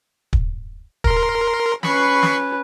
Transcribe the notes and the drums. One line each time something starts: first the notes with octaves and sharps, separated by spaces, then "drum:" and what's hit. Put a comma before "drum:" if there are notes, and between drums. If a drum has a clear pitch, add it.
drum: kick
A#4 C6, drum: kick
C#4 B4 B5 C#6 C7, drum: snare
drum: snare